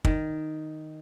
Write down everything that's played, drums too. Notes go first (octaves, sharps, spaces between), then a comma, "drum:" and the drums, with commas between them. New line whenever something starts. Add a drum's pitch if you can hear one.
D#3, drum: kick